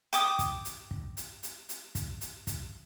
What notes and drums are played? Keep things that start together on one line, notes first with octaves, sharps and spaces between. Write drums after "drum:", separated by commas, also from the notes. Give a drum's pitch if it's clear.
G5 D6 D#6, drum: hi-hat
drum: kick, hi-hat
drum: hi-hat
drum: kick
drum: hi-hat
drum: hi-hat
drum: hi-hat
drum: kick, hi-hat
drum: hi-hat
drum: kick, hi-hat